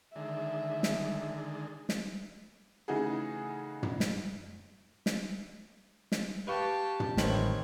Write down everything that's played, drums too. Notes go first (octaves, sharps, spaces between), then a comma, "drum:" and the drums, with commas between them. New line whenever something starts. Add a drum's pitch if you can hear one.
D3 D#3 G#3 E5
drum: snare
drum: snare
C#3 E3 A3 D#4 F#4 G#4
drum: tom
drum: snare
drum: snare
drum: snare
G4 B4 F5 A5 C#6
drum: tom
A1 D#3 C4 C#5 F#7, drum: snare